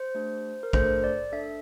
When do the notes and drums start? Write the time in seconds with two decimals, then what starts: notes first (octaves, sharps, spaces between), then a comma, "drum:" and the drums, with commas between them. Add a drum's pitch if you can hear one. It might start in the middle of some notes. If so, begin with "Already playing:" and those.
Already playing: C5
0.15 A3 D4 G4
0.63 A#4
0.73 A3 D4 A4 C5, drum: kick A#1
1.04 D5
1.32 D4 A4 E5